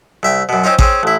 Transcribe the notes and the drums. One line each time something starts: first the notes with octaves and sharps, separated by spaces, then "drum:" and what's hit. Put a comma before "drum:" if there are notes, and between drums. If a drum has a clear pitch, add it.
C2 E5 G5
F#2 B2
C4 C#4 D#4 F4
C4 C#4 G#4, drum: kick A1
A1 E4